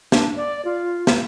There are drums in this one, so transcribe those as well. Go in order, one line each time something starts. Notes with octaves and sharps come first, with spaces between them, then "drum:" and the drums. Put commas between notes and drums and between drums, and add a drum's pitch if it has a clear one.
D4, drum: snare
D5
F4
drum: snare